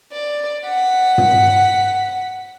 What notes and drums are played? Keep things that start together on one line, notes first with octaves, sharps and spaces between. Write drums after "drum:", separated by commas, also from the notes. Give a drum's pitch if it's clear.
D5
F#5 B6
drum: tom